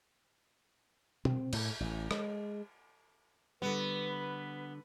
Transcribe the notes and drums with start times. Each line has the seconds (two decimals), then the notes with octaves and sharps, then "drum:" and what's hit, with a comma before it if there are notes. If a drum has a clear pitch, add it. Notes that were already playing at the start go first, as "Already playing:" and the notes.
1.25 C4, drum: tom B2
1.53 A2, drum: cymbal
1.80 A1
2.11 G#3, drum: rim click
3.62 D3 G3 B3 B4